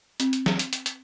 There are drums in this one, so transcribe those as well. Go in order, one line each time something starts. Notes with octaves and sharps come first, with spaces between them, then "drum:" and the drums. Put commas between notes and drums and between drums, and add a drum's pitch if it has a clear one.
C4, drum: hi-hat
drum: hi-hat
drum: snare
drum: hi-hat
drum: hi-hat
drum: hi-hat